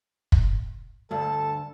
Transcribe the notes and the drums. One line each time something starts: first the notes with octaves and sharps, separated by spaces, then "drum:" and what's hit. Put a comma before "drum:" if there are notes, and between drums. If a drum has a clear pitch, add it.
drum: kick
D2 G2 A4 A5